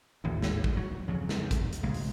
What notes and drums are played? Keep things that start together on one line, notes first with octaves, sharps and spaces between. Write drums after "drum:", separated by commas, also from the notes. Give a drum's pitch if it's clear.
G#1 D#2 A2
drum: snare
drum: kick
F#3
F2 C#3 F#3
drum: snare
drum: kick, hi-hat
drum: hi-hat
B1 C#3 G#3
drum: open hi-hat